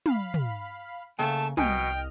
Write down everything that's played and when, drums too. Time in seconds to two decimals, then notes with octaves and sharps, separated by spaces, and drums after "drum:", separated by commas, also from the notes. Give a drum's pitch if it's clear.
0.06 F5 B5, drum: tom
0.34 drum: tom
1.19 C#3 A3 A#3 G5 A5
1.57 C2 B2 D#5 G5 G#5 F6, drum: tom